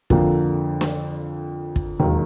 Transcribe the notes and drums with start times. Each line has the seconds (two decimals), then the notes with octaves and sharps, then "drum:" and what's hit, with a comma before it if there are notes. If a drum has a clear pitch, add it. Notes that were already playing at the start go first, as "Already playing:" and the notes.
0.10 F2 D3 F3 A#3, drum: kick
0.81 drum: snare
1.76 drum: kick
2.00 E1 D#2 D#3 F#3